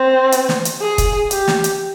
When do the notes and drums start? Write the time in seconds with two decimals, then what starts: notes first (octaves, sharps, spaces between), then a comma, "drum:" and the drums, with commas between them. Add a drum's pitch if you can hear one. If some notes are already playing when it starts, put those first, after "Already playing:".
Already playing: C4
0.32 drum: hi-hat
0.49 drum: snare
0.65 drum: hi-hat
0.81 G#4
0.98 drum: kick, hi-hat
1.31 G4, drum: hi-hat
1.47 drum: snare
1.64 drum: hi-hat